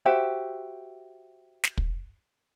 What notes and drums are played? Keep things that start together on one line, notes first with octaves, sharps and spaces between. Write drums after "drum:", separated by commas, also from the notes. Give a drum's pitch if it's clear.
F#4 G4 C5 E5
drum: snare
drum: kick